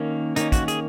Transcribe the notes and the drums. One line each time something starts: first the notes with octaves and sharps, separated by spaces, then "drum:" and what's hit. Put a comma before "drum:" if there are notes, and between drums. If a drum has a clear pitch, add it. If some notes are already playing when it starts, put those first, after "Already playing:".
Already playing: D#3 A#3 C#4
D#3 A#3 C#4 D#4, drum: hi-hat
F#4, drum: kick, hi-hat
G#4, drum: hi-hat